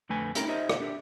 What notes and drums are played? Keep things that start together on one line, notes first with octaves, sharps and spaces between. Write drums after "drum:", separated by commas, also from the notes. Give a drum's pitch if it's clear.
F2 D3 A3 B4 G#5
C4 C#4 D#4 E4 G4 A#4, drum: hi-hat
D#4 F4 G4 C5 D#5 E5
drum: rim click
D4 G4 E5